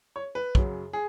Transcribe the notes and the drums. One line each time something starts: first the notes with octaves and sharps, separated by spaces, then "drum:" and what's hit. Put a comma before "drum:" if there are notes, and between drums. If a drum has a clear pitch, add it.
C#5
B4
F#2 C#3 F#3, drum: kick
G#4